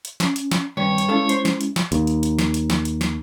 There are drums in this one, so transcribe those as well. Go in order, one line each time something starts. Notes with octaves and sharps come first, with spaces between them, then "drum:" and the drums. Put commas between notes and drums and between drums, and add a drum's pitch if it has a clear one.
drum: hi-hat
C#4, drum: snare
drum: hi-hat
drum: snare
G2 D#3 C4 C#5
drum: hi-hat
G#3 C#4 E4 A4 F5 A5
C5, drum: hi-hat
drum: snare
drum: hi-hat
drum: snare
D#2, drum: hi-hat
drum: hi-hat
drum: hi-hat
drum: snare
drum: hi-hat
drum: snare
drum: hi-hat
drum: snare